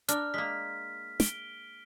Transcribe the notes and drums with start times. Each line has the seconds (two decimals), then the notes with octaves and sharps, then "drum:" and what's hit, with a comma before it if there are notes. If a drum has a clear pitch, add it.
0.09 D4 A#4 F6, drum: hi-hat
0.34 G#3 A#3 B6
1.20 D7 G7, drum: snare